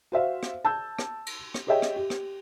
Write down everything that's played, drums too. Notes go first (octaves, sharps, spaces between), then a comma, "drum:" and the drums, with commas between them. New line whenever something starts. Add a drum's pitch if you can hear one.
F#4 C5 E5 F5
drum: rim click
A5 E6 G6
drum: rim click
drum: cymbal
drum: rim click
G4 G#4 C#5 D#5 E5 G5
drum: rim click
G4
drum: rim click